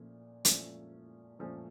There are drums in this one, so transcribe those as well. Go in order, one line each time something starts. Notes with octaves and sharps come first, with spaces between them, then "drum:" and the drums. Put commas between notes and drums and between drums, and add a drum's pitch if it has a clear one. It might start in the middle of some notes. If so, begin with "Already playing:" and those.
Already playing: A#2 F3 A3 C#4
A#2 F3 A3 C#4, drum: hi-hat
A#2 F3 A3 C#4